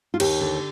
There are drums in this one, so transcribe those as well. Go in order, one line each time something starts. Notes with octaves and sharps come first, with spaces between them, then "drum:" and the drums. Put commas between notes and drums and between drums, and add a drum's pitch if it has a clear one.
F4
D#2 G4, drum: cymbal
D3